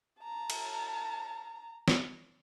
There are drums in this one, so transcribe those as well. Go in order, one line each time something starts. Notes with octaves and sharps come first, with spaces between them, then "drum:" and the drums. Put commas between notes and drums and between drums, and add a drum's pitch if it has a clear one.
A5 A#5
drum: cymbal
drum: snare